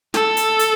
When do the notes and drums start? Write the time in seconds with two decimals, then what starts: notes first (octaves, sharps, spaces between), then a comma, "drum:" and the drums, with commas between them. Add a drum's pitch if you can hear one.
0.14 A4, drum: snare
0.37 drum: hi-hat
0.59 drum: hi-hat